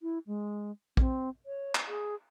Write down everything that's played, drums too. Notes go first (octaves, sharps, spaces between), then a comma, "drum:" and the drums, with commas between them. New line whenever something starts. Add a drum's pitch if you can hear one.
E4
G#3
C4, drum: kick
C#5
drum: clap
G#4